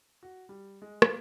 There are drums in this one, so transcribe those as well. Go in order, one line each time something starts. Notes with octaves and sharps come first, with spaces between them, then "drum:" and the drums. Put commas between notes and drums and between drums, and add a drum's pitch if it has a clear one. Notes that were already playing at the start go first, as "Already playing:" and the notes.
F#4
G3
G#3
A#3, drum: rim click